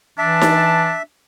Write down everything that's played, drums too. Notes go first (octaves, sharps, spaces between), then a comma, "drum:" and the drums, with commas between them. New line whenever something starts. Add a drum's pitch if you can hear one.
E3 D4 E5 A5
drum: snare D#4